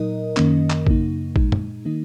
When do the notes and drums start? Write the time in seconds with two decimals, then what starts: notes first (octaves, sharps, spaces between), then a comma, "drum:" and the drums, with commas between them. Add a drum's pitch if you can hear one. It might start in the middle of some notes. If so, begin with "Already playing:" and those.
Already playing: A#2 F#3 D#4 A#4 D#5
0.37 F#2 D#3 A#3 C#4, drum: clap
0.70 drum: clap
0.87 F#2 C#3 A#3 D#4, drum: kick
1.36 A#2 G#3 D#4, drum: kick
1.52 drum: tom
1.85 D#3 A#3 D#4